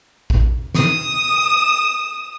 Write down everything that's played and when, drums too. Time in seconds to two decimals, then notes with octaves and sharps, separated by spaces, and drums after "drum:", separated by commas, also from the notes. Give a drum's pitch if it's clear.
0.30 drum: kick A#1
0.75 D#6 E7, drum: snare